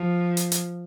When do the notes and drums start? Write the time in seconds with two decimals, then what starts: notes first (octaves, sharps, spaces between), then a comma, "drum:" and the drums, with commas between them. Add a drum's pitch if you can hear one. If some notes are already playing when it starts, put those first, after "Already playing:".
Already playing: F3
0.37 drum: hi-hat
0.52 drum: hi-hat